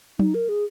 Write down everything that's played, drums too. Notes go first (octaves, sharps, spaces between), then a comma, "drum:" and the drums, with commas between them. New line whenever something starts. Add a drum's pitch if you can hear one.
D#4, drum: tom F#3
A#4
G#4